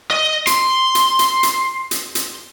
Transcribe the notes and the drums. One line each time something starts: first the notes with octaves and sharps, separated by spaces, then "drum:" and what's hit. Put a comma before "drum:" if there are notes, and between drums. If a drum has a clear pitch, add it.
D#5
C6, drum: hi-hat
drum: hi-hat
drum: hi-hat
drum: hi-hat
drum: hi-hat
drum: hi-hat